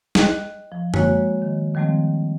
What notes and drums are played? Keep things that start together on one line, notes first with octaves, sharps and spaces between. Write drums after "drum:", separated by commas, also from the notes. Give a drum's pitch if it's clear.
D#5 G5 F#6, drum: snare
F3
G#3 A#3 F#4 C#5, drum: tom F#2
D#3
D#3 F3 G3 A3 C4